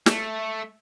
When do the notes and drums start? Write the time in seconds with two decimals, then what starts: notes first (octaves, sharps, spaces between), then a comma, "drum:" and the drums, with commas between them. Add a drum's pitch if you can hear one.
0.06 A3, drum: snare